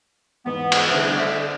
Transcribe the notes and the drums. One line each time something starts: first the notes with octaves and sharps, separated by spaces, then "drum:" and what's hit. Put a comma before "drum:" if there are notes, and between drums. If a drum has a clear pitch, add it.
E2 G#2 B3
drum: cymbal
C2 D3 A3 G#4
D3 E5